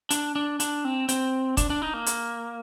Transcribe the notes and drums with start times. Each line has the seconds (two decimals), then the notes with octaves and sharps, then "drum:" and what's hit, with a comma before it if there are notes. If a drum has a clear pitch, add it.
0.10 D4, drum: hi-hat
0.36 D4
0.60 D4, drum: hi-hat
0.85 C4
1.09 C4, drum: hi-hat
1.57 D4, drum: kick, hi-hat
1.70 D4
1.82 D#4
1.94 A#3
2.06 drum: hi-hat